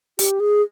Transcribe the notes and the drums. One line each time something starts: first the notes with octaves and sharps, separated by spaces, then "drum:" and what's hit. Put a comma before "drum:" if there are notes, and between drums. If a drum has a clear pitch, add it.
G4, drum: hi-hat
G#4